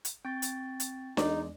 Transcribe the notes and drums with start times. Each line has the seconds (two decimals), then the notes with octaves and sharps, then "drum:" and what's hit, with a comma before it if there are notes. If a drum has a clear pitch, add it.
0.05 drum: hi-hat
0.25 C4 G5 C#6 A6
0.42 drum: hi-hat
0.80 drum: hi-hat
1.17 E2 G#3 D#4 D5, drum: snare D4